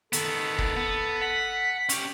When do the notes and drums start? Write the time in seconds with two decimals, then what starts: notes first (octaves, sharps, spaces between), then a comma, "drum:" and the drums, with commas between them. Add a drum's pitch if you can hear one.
0.13 D#3 B3 A4, drum: hi-hat
0.59 drum: kick
0.77 B3
1.22 F#5 B6
1.89 C#4 G4, drum: hi-hat